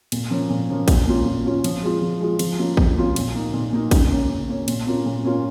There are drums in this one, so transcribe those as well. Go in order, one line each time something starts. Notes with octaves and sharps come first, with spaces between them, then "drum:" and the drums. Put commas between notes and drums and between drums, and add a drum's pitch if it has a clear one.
A#2, drum: cymbal
F3 A#3 C#4
A#2
F3 A#3 C#4
A#2, drum: kick, cymbal
A#3 C#4 F4
A#2
A#3 C#4 F4
F3, drum: cymbal
G#3 F4
F3
G#3 F4
F3, drum: cymbal
A#3 C#4 F4
F3, drum: kick
A#3 C#4 F4
A#2, drum: cymbal
A#3 D#4
A#2
A#3 D#4
C#3, drum: kick, cymbal
A#3 C#4
C#3
A#3 C#4
A#2, drum: cymbal
A#3 C#4 F4
A#2
A#3 C#4 F4